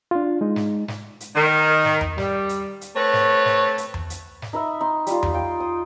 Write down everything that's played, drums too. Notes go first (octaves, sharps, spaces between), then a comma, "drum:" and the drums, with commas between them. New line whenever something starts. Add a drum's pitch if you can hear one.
D4 F4
G#3 D#4
drum: snare
drum: snare
drum: hi-hat
D#3
drum: snare
drum: tom E2
G3, drum: snare
drum: hi-hat
drum: hi-hat
A3 C4 B4 C#5
drum: snare
drum: snare
drum: hi-hat
drum: tom E2
drum: hi-hat
drum: snare
D#4 B4 E5
D#4 C6
G3 F4, drum: hi-hat
drum: tom E2
F4 G5
D#6